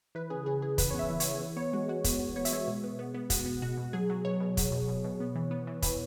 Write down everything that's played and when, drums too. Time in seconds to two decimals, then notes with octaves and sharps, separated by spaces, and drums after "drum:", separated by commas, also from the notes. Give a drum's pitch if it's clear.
0.15 E3 B4
0.30 C#3 G#4
0.46 C#3 G#4
0.62 E3 G#4
0.78 C#3 B4, drum: kick, hi-hat
0.90 C#5
0.94 B3 E5
1.10 E3
1.20 C#5, drum: hi-hat
1.25 E3
1.41 E3
1.56 B3 C#5
1.73 G#3 F#4
1.88 G#3 F#4
2.04 B3, drum: kick, hi-hat
2.20 B3
2.36 B3 C#5
2.45 E5, drum: hi-hat
2.52 G#3 C#5
2.67 B2
2.84 B3
2.99 B3
3.14 B3
3.30 B3 F#4, drum: kick, hi-hat
3.46 B3
3.62 B2 F#4
3.77 B2
3.93 F#3 G#4
4.10 F#3
4.25 B2 C#5
4.40 B2
4.57 F#3, drum: kick, hi-hat
4.72 B2
4.88 B2
5.04 B2
5.20 B3
5.35 E3
5.51 B3
5.67 E3
5.82 E3 B4, drum: kick, hi-hat